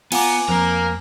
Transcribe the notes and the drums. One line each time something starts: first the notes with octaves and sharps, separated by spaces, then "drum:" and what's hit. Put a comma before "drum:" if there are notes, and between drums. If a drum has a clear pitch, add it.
B3 F4 G#5 A#5 D6, drum: cymbal
F2 A#3 A#4 A#5